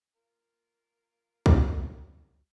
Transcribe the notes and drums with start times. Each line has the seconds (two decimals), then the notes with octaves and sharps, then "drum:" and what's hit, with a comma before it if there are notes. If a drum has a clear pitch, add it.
0.15 F4 A#4
1.46 drum: kick